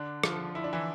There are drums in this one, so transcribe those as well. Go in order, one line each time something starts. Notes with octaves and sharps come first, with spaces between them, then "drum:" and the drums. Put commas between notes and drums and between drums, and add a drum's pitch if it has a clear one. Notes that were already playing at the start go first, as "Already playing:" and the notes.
Already playing: D3 D4
F3 F4, drum: rim click
E4
D4
E3 E4